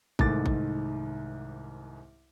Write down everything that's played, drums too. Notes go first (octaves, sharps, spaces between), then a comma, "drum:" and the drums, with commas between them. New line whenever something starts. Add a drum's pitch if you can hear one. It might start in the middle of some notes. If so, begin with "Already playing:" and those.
C2 G#2 D#3 A3 D6 A6, drum: kick A1
drum: kick A1